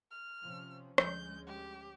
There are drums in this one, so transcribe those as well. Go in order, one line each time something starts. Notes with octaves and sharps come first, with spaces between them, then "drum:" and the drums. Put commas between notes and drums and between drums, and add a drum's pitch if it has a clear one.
F6
C3 F3 C#4
D2 F3 G#3 C#4 G6, drum: rim click
G4